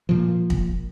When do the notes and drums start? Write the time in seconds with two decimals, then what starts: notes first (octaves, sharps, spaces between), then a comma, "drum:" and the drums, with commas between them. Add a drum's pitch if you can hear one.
0.09 A#2 F3
0.50 drum: kick